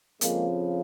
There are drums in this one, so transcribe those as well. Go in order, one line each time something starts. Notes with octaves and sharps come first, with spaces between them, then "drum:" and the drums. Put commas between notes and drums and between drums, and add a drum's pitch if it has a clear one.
F2 C#3 F3 G#3 A#3, drum: hi-hat